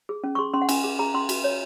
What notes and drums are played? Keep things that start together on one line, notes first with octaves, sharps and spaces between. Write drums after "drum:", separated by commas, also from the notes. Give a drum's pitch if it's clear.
G#4
C#4
C#6
G#4 C6
C#4 C6
F#5
C#4 G#5, drum: cymbal
G#4
G#4 A#5
C#4 C6
F#4, drum: cymbal
C#5